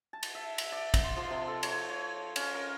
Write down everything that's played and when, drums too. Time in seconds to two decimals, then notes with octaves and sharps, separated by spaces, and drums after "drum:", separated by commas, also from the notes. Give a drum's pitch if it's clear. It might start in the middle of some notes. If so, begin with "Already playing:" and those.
0.13 A5
0.23 drum: cymbal
0.35 E5
0.58 drum: cymbal
0.72 D5
0.94 drum: kick, cymbal
1.03 C6
1.16 F3
1.30 C3
1.47 A4
1.63 C#5, drum: cymbal
1.89 C#5
2.36 C#4, drum: cymbal
2.54 A#4